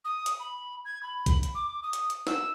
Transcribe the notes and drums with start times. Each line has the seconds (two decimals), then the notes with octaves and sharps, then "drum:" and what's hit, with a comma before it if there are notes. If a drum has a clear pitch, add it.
0.05 D#6
0.26 drum: hi-hat
0.40 B5
0.85 G#6
1.03 B5
1.26 drum: kick, hi-hat
1.43 drum: hi-hat
1.55 D6
1.83 D#6
1.93 drum: hi-hat
2.10 drum: hi-hat
2.27 E6, drum: snare